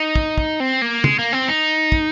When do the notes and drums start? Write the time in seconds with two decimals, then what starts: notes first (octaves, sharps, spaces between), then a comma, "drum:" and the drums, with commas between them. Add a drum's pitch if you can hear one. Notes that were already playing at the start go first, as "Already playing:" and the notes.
Already playing: D#4
0.16 drum: kick
0.38 drum: kick
0.60 C4
0.82 A#3
1.04 G#3, drum: tom
1.19 A#3
1.33 C4
1.48 D#4
1.92 drum: kick